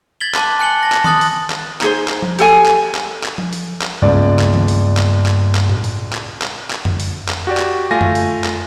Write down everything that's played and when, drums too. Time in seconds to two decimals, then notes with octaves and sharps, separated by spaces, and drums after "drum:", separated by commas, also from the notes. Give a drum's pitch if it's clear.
0.20 G#6 A6 B6 F#7 G7
0.35 A5 C6 D6 F#6, drum: clap
0.59 G#5 F#6 C#7 F#7 G7
0.83 A5 A#6
0.92 drum: clap
1.04 C6 D#6 F#6 A6, drum: tom D#3
1.21 drum: open hi-hat
1.50 drum: clap
1.81 D#4 G#4 C5, drum: clap
2.08 drum: clap
2.22 drum: tom F3
2.39 G4 A4 G#5, drum: open hi-hat
2.66 drum: clap
2.95 drum: clap
3.24 drum: clap
3.38 drum: tom F3
3.53 drum: open hi-hat
3.82 drum: clap
4.02 C#2 G2 A#3 B3 D5
4.39 drum: clap
4.54 drum: tom D#3
4.68 drum: open hi-hat
4.97 drum: clap
5.26 drum: clap
5.55 drum: clap
5.69 drum: tom A2
5.84 drum: open hi-hat
6.13 drum: clap
6.42 drum: clap
6.71 drum: clap
6.85 drum: tom F2
7.00 drum: open hi-hat
7.29 drum: clap
7.47 F#4 G4 D5
7.57 drum: clap
7.91 A3 F4 G#5 A#6
8.01 drum: tom F2
8.15 drum: open hi-hat
8.44 drum: clap